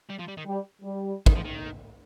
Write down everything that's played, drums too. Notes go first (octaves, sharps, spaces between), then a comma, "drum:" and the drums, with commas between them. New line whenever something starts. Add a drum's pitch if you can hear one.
G3
F3
G3
D#3
G3
G3
D#3, drum: kick
F3
D#3